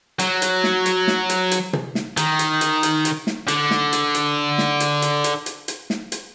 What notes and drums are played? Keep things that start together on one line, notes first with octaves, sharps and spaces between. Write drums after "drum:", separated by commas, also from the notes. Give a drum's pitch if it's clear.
F#3, drum: hi-hat
drum: hi-hat
drum: snare
drum: hi-hat
drum: snare
drum: hi-hat
drum: hi-hat
drum: tom
drum: snare
D#3, drum: hi-hat
drum: hi-hat
drum: hi-hat
drum: hi-hat
drum: hi-hat
drum: snare
D3, drum: hi-hat
drum: snare
drum: hi-hat
drum: hi-hat
drum: snare
drum: hi-hat
drum: hi-hat
drum: hi-hat
drum: hi-hat
drum: hi-hat
drum: snare
drum: hi-hat